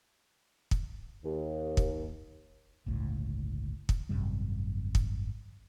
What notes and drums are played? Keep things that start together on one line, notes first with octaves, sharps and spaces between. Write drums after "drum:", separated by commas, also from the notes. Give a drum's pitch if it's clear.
drum: kick
D#2
drum: kick
G1 C#2 A2
drum: kick
G#1 F#2 C3 G3
drum: kick